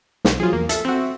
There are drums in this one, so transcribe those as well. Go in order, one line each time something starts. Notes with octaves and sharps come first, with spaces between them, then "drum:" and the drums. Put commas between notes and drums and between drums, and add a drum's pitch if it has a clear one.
B1, drum: snare
F3 F#3 F4 G#4
E2 A#3
A4 E5, drum: hi-hat
C4 F#4